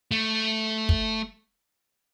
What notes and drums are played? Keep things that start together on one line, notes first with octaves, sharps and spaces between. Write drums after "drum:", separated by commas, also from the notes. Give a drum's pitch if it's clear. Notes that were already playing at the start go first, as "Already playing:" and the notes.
A3
drum: kick